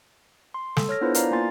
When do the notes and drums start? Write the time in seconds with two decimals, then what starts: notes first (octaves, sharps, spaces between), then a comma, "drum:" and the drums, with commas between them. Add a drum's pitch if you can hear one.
0.54 C6
0.77 A4, drum: snare
0.89 C#5 F6 A#6
1.01 B3 D4 E4 F4 B4 C5
1.15 E4 A#4 D5 F5 A#5, drum: hi-hat
1.31 A#3 F4 G#5 C6 A6